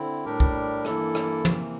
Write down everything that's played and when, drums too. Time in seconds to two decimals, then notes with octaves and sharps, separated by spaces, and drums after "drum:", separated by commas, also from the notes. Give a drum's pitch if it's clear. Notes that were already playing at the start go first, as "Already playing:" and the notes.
Already playing: D3 C4 E4
0.25 A2 G3 D4 G4 A#4
0.40 drum: kick
0.85 G2 E3 A#3 E4 A4, drum: rim click
1.15 drum: rim click
1.45 C3 E3 A#3, drum: tom